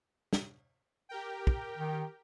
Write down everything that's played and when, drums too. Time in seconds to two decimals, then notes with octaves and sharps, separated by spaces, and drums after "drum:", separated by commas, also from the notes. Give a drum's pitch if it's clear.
0.33 drum: snare
1.09 G4 A#4 G5
1.47 drum: kick
1.77 D#3